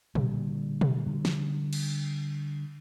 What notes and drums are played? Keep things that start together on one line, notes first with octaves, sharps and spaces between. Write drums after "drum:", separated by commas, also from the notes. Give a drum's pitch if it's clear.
A#2 D3 G3, drum: tom B2
drum: tom B2
D3 G3
drum: snare
drum: cymbal